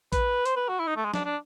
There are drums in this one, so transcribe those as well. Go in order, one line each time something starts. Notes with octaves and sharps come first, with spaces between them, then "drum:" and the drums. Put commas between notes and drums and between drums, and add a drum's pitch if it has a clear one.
B4, drum: kick A#1, hi-hat
C5, drum: hi-hat
B4
F#4
E4
D#4
A3
G#3
D4, drum: snare
D4